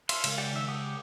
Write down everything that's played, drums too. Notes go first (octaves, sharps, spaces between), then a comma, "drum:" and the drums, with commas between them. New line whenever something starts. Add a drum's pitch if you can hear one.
E5 F5 C6, drum: cymbal
C#3 G#3 A#4, drum: cymbal
G4 D5 F#5
D#3 E5
G4 F#5 D#6